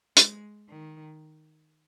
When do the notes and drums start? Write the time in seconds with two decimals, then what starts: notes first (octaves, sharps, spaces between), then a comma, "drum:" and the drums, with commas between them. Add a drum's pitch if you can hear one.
0.17 G#3, drum: hi-hat
0.69 D#3